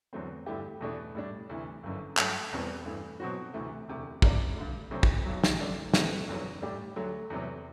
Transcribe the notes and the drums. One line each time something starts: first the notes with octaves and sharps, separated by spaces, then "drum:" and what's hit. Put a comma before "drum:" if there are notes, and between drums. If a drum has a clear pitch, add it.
E2 D3 F#3 A3 C4
G2 D3 A3 E4 G4
E2 B2 A3 D4
A2 G3 D4
D2 C3 E3
G1 F#2 D3
G2 F#3 A3, drum: clap
E1 E2 B2 G3 C4
G2 E3 A3
B2 F#3 C4 F#4
D2 C3 E3 A3
E1 D2 C3
C2 C3 G3 D4, drum: kick
G2 D3 A3
D2 C3 F#3 C4
drum: kick
B1 B2 F#3
drum: snare
F#2 D3 A3 D4
B2 A3 C4, drum: snare
F#1 E2 D3 F#3
A2 G3 D4 G4
D2 D3 F#3 A3
E2 C3 F#3